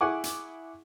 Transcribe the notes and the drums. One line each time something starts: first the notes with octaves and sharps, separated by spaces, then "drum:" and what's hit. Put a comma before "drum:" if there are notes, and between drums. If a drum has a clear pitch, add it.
E4 G#4 F#5 G#5 C#6 D6
drum: hi-hat